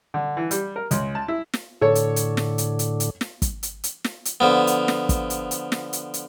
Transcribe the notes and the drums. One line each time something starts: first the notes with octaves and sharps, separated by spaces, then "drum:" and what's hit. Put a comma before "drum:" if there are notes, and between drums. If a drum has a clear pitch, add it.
D3
E3
G3, drum: hi-hat
A#4
C#2, drum: hi-hat
A5
E4
drum: snare
A2 D3 A4 C#5
drum: hi-hat
drum: hi-hat
drum: snare
drum: hi-hat
drum: hi-hat
drum: hi-hat
drum: snare
drum: kick, hi-hat
drum: hi-hat
drum: hi-hat
drum: snare
drum: hi-hat
D3 F3 B3
drum: hi-hat
drum: snare
drum: kick, hi-hat
drum: hi-hat
drum: hi-hat
drum: snare
drum: hi-hat
drum: hi-hat